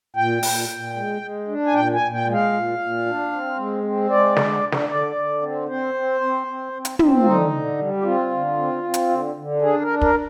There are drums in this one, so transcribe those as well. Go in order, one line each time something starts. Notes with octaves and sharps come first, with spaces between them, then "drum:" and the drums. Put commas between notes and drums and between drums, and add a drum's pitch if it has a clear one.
A#2 G5
A#2, drum: open hi-hat
A#2
G#3
G#3
D4
G#5
A#2 G5
G#5
A#2
G5
G#3
F5
A#2
A#2
D4
C4
G#3
C4
G#3 D5
D3, drum: snare
D3
drum: snare
D3 D5
D3
C4
C4 C5
C4
C4
C4
C4
drum: hi-hat
C4, drum: tom
F4
D3 D#4
D3
G3
G4
C4 F4
D3
C4
C4
drum: hi-hat
D3
D3
D4 G#4
A#4
D4
A#4, drum: kick